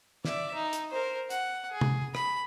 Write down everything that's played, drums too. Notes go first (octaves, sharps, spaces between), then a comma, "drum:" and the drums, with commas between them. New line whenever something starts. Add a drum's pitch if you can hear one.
D5 E5, drum: snare
D#4
drum: hi-hat
A#4 C5
F#5, drum: hi-hat
G#4
drum: tom C3
B5, drum: rim click